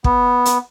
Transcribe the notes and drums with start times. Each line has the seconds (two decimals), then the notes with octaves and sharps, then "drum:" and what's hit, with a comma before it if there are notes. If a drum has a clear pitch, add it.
0.04 B3, drum: kick
0.45 drum: hi-hat